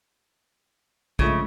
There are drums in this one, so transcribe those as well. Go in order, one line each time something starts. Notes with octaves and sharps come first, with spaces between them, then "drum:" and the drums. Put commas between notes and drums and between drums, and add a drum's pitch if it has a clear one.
C#3 F3 G#3 A3, drum: kick B1